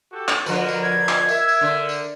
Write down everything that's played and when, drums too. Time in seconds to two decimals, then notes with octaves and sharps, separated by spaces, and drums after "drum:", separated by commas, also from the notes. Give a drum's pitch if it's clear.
0.12 F#4 G4 A4
0.28 drum: clap
0.46 D3 F3 F#4 A#4 B4 D#5, drum: tambourine
0.68 drum: tambourine
0.83 G#6
1.09 drum: clap
1.29 A#4 E5, drum: tambourine
1.49 drum: tambourine
1.61 D3
1.89 drum: tambourine